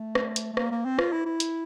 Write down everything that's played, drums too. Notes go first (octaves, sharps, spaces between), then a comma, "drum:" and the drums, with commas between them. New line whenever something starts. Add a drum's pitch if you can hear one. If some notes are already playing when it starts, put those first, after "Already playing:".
Already playing: A3
drum: rim click
drum: hi-hat
A3
A#3, drum: rim click
A#3
C4
F4, drum: rim click
E4
E4
drum: hi-hat